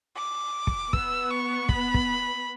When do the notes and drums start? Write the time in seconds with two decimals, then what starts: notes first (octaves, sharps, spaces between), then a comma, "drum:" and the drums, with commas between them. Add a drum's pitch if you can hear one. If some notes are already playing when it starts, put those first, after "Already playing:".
0.17 D6
0.67 drum: kick
0.93 B3 E6, drum: kick
1.31 C#6
1.69 B5, drum: kick
1.94 drum: kick